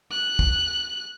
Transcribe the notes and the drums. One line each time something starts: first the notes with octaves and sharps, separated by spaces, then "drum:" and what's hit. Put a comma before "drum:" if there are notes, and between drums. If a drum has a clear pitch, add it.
F#6
drum: kick